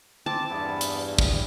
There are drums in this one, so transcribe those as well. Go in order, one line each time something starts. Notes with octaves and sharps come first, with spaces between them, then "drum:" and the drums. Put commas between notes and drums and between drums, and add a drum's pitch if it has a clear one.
C4 A5 D6
E2 G2 B3 E4
drum: hi-hat
drum: kick